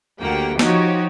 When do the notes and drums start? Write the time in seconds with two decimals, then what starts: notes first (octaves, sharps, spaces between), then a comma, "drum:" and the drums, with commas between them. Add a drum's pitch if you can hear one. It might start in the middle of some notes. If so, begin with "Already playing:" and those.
0.20 D2 A#3 G4 F#5 G5
0.59 F3 D#4 F#4 G4 C#5, drum: snare